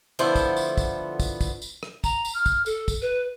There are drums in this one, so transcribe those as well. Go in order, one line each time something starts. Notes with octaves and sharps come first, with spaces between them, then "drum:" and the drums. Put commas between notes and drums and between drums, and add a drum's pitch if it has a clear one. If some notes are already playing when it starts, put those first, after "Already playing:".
D3 F3 A3 B3 E4 C5
drum: kick, tambourine
drum: tambourine
drum: kick, tambourine
drum: kick, tambourine
drum: kick, tambourine
drum: tambourine
drum: rim click
A#5, drum: kick, tambourine
drum: tambourine
F6
drum: kick, tambourine
A4, drum: tambourine
drum: kick, tambourine
B4